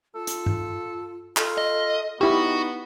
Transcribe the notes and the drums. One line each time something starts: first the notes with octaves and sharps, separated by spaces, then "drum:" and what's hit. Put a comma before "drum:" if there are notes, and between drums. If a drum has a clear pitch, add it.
F4 A4
drum: hi-hat
drum: tom G2
F4 A4, drum: clap
D#5
B3 D#4 E4 F#4 G4